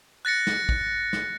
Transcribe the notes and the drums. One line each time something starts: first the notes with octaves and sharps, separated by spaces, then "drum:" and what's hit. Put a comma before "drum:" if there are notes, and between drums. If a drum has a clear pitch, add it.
F#6 A6 A#6 C#7
drum: snare
drum: kick
drum: snare